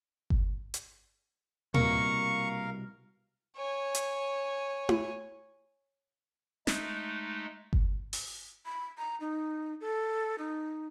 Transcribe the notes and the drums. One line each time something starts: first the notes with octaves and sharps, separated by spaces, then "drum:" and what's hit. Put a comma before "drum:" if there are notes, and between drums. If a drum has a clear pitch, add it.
drum: kick G1
drum: hi-hat
C2 B2 A#3 A#4 F5 C#6, drum: tom A#2
C#5 G#5
drum: hi-hat
drum: tom E4
G#3 A3 D#4, drum: snare
drum: kick G1
drum: open hi-hat
B5
A#5
D#4
A4
D#4